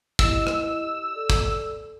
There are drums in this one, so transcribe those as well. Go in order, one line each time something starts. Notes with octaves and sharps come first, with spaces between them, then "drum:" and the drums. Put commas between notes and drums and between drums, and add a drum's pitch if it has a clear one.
E4 G4 D#5 E6, drum: kick, hi-hat
drum: rim click
A4 D5
drum: kick, hi-hat